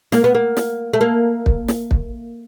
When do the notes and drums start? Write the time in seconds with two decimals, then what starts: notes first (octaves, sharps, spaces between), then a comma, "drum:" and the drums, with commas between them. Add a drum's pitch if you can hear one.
0.12 A#3, drum: snare
0.24 B3
0.35 A#3
0.57 drum: snare
0.93 A3
1.01 A#3
1.46 drum: kick
1.68 drum: snare
1.91 drum: kick